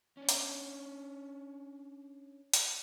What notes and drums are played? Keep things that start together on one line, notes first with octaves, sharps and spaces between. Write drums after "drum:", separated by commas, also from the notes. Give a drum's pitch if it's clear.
C#4 D4
drum: hi-hat
drum: hi-hat